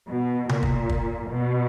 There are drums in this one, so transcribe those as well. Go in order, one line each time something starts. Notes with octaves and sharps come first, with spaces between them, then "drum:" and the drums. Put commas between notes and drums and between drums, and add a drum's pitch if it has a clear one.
B2
A#2, drum: tom C3
drum: kick
drum: kick
B2